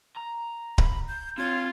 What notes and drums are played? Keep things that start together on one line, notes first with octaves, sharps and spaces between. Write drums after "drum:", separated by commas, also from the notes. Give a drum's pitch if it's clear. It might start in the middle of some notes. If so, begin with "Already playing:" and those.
A#5
B5, drum: kick D1
G6
C4 F4 C#5 G#6